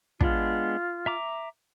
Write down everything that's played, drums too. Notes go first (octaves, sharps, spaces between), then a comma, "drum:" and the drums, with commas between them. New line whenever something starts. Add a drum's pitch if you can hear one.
G#3 B3 D4 F4, drum: kick
E5 A#5 D6